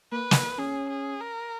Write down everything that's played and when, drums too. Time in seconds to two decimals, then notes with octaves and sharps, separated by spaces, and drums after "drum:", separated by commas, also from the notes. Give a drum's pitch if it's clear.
0.12 A#3 B4
0.31 drum: snare
0.58 C#4 G#4
0.90 G#4
1.21 A#4